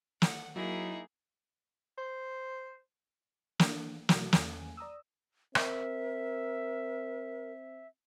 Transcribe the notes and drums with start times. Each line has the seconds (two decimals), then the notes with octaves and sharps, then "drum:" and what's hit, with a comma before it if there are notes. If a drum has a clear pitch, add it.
0.22 F#5, drum: snare
0.56 F#3 A#3 D#4 E4 G#4
1.98 C5
3.60 E3 A#3 D4, drum: snare
4.09 B2 E3 F#3 A3 F#4 A#4, drum: snare
4.33 E2 C#4 G#5, drum: snare
4.77 D5 A#5 D#6 E6
5.55 C4 A#4 E5, drum: rim click